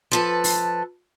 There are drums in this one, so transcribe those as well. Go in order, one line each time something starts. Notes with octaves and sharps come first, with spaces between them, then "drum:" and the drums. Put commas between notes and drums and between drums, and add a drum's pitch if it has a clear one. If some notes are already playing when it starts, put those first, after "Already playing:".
F3 A4 B4
drum: open hi-hat